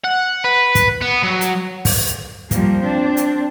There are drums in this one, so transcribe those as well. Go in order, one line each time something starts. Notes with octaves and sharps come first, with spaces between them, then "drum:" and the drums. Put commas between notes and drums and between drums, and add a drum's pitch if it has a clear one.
F#5
B4
drum: kick, hi-hat
B3
F#3
drum: hi-hat
drum: kick, open hi-hat
drum: hi-hat
F3 G3 A#3, drum: kick, hi-hat
C4 D4
drum: hi-hat